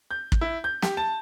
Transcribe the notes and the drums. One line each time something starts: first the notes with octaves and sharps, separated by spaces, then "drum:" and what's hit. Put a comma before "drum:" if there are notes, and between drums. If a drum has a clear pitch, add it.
G6
drum: kick
E4
G6
G4, drum: snare
A5